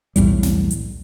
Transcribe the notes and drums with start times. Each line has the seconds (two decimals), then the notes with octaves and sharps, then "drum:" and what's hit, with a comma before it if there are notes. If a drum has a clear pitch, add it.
0.16 B1 E2 A2 G3, drum: hi-hat
0.43 drum: snare
0.71 drum: hi-hat